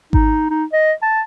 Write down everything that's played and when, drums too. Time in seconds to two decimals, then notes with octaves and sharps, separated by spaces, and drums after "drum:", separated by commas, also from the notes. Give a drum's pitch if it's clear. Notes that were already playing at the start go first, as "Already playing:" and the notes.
0.13 D#4, drum: kick G#1
0.50 D#4
0.73 D#5
1.03 A5